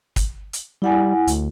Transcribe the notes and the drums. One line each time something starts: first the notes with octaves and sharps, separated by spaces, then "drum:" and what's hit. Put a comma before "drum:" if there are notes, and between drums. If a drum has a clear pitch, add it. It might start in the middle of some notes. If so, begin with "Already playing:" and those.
drum: kick, hi-hat
drum: hi-hat
G3 E4 F#5 G#5
D2, drum: hi-hat